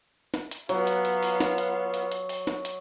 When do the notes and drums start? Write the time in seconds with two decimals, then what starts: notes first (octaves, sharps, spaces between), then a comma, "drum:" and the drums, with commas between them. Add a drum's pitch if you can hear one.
0.34 drum: snare
0.51 drum: hi-hat
0.69 F#3 B3 F4, drum: hi-hat
0.87 drum: hi-hat
1.05 drum: hi-hat
1.23 drum: open hi-hat
1.40 drum: snare
1.58 drum: hi-hat
1.94 drum: hi-hat
2.12 drum: hi-hat
2.29 drum: open hi-hat
2.47 drum: snare
2.65 drum: hi-hat